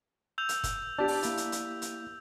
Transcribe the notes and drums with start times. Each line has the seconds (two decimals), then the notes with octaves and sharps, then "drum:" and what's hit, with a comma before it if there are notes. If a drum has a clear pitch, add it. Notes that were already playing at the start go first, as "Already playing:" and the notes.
0.38 E6 G6 F7
0.49 drum: hi-hat
0.64 drum: kick, hi-hat
0.98 D4 G4 D5
1.08 drum: open hi-hat
1.23 A#3 E4, drum: hi-hat
1.37 drum: hi-hat
1.52 drum: hi-hat
1.82 drum: hi-hat